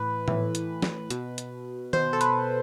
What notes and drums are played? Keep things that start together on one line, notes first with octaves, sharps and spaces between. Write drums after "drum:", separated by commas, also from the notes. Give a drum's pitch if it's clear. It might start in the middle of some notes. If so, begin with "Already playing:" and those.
Already playing: A2 E3 B4
A2 E3, drum: tom A2
drum: hi-hat
drum: snare
B2, drum: hi-hat
drum: hi-hat
B2 C5, drum: tom D#3
A4
B4, drum: hi-hat